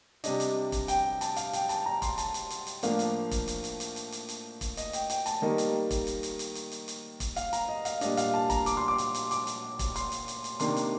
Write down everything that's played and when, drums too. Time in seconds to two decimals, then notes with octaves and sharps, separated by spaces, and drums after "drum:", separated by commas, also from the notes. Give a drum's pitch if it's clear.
0.24 C3 G3 D4 D#5, drum: hi-hat
0.40 drum: hi-hat
0.72 drum: kick E1, hi-hat
0.88 G5, drum: hi-hat
1.21 A5, drum: hi-hat
1.36 F5, drum: hi-hat
1.53 G5, drum: hi-hat
1.69 A5, drum: hi-hat
1.86 A#5
2.02 C6, drum: kick E1, hi-hat
2.18 A5, drum: hi-hat
2.34 drum: hi-hat
2.50 drum: hi-hat
2.67 drum: hi-hat
2.83 A2 F3 A#3 D4 F5, drum: hi-hat
2.99 drum: hi-hat
3.31 drum: kick E1, hi-hat
3.48 drum: hi-hat
3.64 drum: hi-hat
3.80 drum: hi-hat
3.96 drum: hi-hat
4.12 drum: hi-hat
4.29 drum: hi-hat
4.61 drum: kick E1, hi-hat
4.77 D#5, drum: hi-hat
4.93 G5, drum: hi-hat
5.10 G5, drum: hi-hat
5.26 A5, drum: hi-hat
5.42 D#3 G3 A#3 D#5
5.58 drum: hi-hat
5.91 drum: kick E1, hi-hat
6.07 drum: hi-hat
6.23 drum: hi-hat
6.39 drum: hi-hat
6.55 drum: hi-hat
6.72 drum: hi-hat
6.88 drum: hi-hat
7.20 drum: kick E1, hi-hat
7.36 F5, drum: hi-hat
7.53 A#5, drum: hi-hat
7.68 D#5
7.85 F5, drum: hi-hat
8.01 A#2 G3 D4 D#5, drum: hi-hat
8.17 F5, drum: hi-hat
8.34 A5
8.50 A#5, drum: kick E1, hi-hat
8.66 D6, drum: hi-hat
8.77 C6
8.88 D6
8.98 drum: hi-hat
9.15 drum: hi-hat
9.31 D6, drum: hi-hat
9.47 drum: hi-hat
9.79 drum: kick E1, hi-hat
9.96 C6, drum: hi-hat
10.12 drum: hi-hat
10.28 drum: hi-hat
10.44 drum: hi-hat
10.60 C3 D#3 A#3 D4 C6, drum: hi-hat
10.76 drum: hi-hat